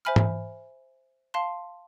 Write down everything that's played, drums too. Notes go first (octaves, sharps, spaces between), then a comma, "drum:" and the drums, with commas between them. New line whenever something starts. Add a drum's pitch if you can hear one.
C5 E5 G#5 B5 F6
drum: tom G#2
F5 A5 C6